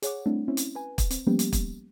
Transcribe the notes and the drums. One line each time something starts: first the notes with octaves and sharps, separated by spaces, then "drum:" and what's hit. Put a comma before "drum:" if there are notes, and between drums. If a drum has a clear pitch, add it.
G#4 C#5 F#5 D6, drum: hi-hat
G3 A3 C4 D4 E4
C4 C#4 E4
drum: hi-hat
B4 G#5
drum: kick, hi-hat
C4, drum: hi-hat
F3 G3 A#3 B3 C#4 G4
drum: hi-hat
drum: kick, hi-hat